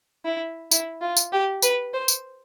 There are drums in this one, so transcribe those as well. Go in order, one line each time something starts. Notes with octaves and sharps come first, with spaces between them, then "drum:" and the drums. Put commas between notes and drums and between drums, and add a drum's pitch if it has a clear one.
E4
E4, drum: tambourine
F4
drum: tambourine
G4
B4, drum: tambourine
C5
drum: tambourine